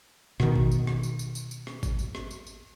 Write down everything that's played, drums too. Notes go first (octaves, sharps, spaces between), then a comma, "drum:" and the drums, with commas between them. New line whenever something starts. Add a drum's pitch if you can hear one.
B2 D#3, drum: rim click
drum: kick G#1
drum: tambourine
drum: rim click
drum: tambourine
drum: tambourine
drum: tambourine
drum: tambourine
drum: rim click
drum: kick G#1, tambourine
drum: tambourine
drum: rim click
drum: tambourine
drum: tambourine